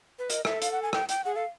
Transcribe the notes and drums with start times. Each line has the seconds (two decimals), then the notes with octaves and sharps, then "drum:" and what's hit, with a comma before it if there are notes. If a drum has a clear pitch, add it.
0.19 B4
0.30 A#4 D#5, drum: hi-hat
0.45 A4 E5, drum: rim click
0.62 F5, drum: hi-hat
0.72 F#5
0.82 G#5
0.93 G5, drum: rim click
1.09 G5, drum: hi-hat
1.24 G#4 F#5
1.35 A4 F5